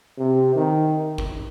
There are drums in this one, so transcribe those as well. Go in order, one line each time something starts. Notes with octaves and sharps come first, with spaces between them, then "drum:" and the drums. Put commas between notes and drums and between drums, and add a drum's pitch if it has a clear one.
C3
D#3
drum: kick G1